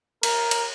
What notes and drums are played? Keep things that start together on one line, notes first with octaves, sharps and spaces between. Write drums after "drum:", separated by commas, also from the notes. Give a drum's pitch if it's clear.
A#4, drum: cymbal
drum: cymbal